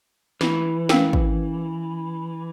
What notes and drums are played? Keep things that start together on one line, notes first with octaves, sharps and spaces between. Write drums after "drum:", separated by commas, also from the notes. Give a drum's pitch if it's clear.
E3, drum: snare
C#4 A#4 F5, drum: snare
drum: kick